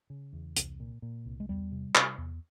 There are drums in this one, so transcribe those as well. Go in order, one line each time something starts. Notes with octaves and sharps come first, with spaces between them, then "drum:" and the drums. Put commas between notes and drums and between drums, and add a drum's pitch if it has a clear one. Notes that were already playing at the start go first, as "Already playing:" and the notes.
C#3
E2
C2, drum: hi-hat
A#2
A#2
C2
G#3
E2 G3
C3
C3, drum: clap
E2